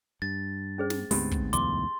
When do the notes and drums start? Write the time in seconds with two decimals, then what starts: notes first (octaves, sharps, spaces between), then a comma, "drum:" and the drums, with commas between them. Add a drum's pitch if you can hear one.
0.22 G2 A6
0.78 C#4 G#4 C5
0.90 drum: snare
1.11 D2 G#2 G#3 B3 C4 G4 B5, drum: open hi-hat
1.31 drum: kick
1.53 B1 E2 C6 D6, drum: hi-hat